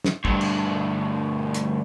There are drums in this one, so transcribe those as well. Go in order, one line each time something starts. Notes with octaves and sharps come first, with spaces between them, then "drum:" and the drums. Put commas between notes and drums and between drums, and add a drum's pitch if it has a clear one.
drum: snare
D2 G2, drum: kick
drum: cymbal
drum: hi-hat